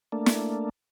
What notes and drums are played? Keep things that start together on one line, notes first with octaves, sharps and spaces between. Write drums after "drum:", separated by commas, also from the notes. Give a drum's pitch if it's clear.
A3 A#3 D4
drum: snare